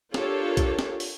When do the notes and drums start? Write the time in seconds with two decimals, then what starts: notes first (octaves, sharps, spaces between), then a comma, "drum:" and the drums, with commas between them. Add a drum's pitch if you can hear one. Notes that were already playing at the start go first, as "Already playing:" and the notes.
0.14 D4 F4 G4 A4 A#4 C#5, drum: snare
0.57 drum: kick A#1, hi-hat
0.79 drum: snare
1.00 drum: open hi-hat